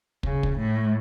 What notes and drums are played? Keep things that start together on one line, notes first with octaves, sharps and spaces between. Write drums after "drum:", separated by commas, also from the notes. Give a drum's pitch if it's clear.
C#3, drum: kick
drum: kick
A2